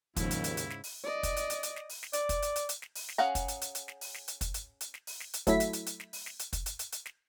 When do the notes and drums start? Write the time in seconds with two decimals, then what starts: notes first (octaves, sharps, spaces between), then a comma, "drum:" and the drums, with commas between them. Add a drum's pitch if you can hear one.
0.16 D#2 G#2 C#3 F3 E4, drum: kick, hi-hat
0.31 drum: hi-hat
0.44 drum: hi-hat
0.57 drum: hi-hat
0.70 drum: snare
0.84 drum: open hi-hat
1.04 D5 D#5
1.23 drum: kick, hi-hat
1.36 drum: hi-hat
1.50 drum: hi-hat
1.63 drum: hi-hat
1.76 drum: snare
1.89 drum: open hi-hat
2.03 drum: snare
2.13 D5, drum: hi-hat
2.29 drum: kick, hi-hat
2.42 drum: hi-hat
2.56 drum: hi-hat
2.69 drum: hi-hat
2.82 drum: snare
2.95 drum: open hi-hat
3.09 drum: snare
3.18 C#4 G#4 F5 F#5 A#5
3.35 drum: kick, hi-hat
3.48 drum: hi-hat
3.61 drum: hi-hat
3.75 drum: hi-hat
3.88 drum: snare
4.01 drum: open hi-hat
4.14 drum: snare
4.28 drum: hi-hat
4.41 drum: kick, hi-hat
4.54 drum: hi-hat
4.81 drum: hi-hat
4.94 drum: snare
5.07 drum: open hi-hat
5.20 drum: snare
5.33 drum: hi-hat
5.47 F#3 A3 E4 B6, drum: kick, hi-hat
5.60 drum: hi-hat
5.73 drum: hi-hat
5.86 drum: hi-hat
6.00 drum: snare
6.13 drum: open hi-hat
6.26 drum: snare
6.39 drum: hi-hat
6.53 drum: kick, hi-hat
6.66 drum: hi-hat
6.79 drum: hi-hat
6.92 drum: hi-hat
7.06 drum: snare